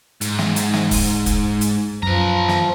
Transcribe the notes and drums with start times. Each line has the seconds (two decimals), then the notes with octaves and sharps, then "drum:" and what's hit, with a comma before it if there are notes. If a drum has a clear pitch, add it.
0.21 G#2, drum: hi-hat
0.39 drum: snare
0.56 drum: hi-hat
0.74 drum: snare
0.91 drum: kick, open hi-hat
1.26 drum: kick, hi-hat
1.61 drum: hi-hat
2.03 F#2 F3 B4 A#5
2.48 drum: snare